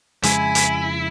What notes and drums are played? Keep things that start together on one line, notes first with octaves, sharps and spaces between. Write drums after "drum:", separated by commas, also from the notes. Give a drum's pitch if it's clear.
F2 C#3 G#3 E4 G#5, drum: hi-hat
drum: hi-hat